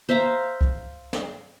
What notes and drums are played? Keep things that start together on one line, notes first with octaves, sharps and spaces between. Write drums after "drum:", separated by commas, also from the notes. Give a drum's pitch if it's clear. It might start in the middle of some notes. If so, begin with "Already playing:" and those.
C5 E5 F5 A#5
drum: kick C2
drum: snare